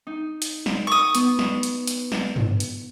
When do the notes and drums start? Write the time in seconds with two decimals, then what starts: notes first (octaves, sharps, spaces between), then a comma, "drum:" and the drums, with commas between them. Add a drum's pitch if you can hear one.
0.07 D#4
0.42 drum: hi-hat
0.66 drum: snare
0.87 C#6 D#6
1.15 B3, drum: hi-hat
1.39 drum: snare
1.63 drum: hi-hat
1.87 drum: hi-hat
2.12 drum: snare
2.36 drum: tom G2
2.60 drum: hi-hat